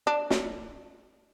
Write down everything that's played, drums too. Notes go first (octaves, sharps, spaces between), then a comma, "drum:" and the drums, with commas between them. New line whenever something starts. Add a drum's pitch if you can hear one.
D4
drum: snare